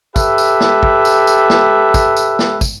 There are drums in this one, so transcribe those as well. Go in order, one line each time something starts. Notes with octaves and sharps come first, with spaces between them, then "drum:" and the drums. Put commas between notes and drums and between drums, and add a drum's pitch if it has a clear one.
G4 A4 B4 E5, drum: kick, tambourine
drum: tambourine
drum: snare
drum: kick
drum: tambourine
drum: tambourine
drum: snare
drum: kick, tambourine
drum: tambourine
drum: snare
drum: kick, tambourine